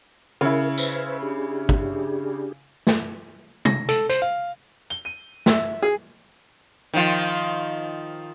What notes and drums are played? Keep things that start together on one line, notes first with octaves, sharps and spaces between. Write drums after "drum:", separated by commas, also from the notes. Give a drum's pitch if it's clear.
C#3 E4 A#4
B4 C5 E5, drum: tambourine
D4 G4 G#4
drum: kick
drum: snare
A#6, drum: tom
A4, drum: hi-hat
C5, drum: hi-hat
F5
G7
D#7
E5, drum: snare
G#4
D#3 F3 F4